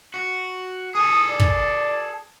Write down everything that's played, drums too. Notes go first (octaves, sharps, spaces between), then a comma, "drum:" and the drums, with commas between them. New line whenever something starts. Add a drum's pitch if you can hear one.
F#4
G#4 A4 D#6
D5
drum: kick